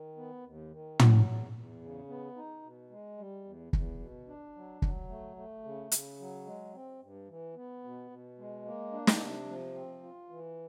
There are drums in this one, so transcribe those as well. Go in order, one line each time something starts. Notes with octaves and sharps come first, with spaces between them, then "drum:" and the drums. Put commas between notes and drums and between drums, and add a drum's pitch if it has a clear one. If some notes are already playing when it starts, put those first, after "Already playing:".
Already playing: D#3
B3
D#2
D#3
F#3, drum: tom
E2
E2
C#3
B3
D#4
B2
G#3
G3
E2
E2, drum: kick
B2
D4
F#3
F#3, drum: kick
A3
A3
C#3
C#3, drum: hi-hat
F#3
G#3
C4
G2
E3
B3
B2
B2
G#3
A#3
D4
drum: snare
C3
F3
C4
F4
E3